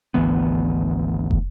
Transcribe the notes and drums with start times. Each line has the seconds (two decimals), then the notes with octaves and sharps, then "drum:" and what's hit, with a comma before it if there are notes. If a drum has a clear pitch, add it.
0.14 G#1 D2 E3 B3
1.31 drum: kick